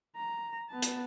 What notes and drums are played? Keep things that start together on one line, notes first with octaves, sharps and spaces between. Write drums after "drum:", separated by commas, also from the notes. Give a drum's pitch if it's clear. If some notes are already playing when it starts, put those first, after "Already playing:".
A#5
B3 A5
drum: hi-hat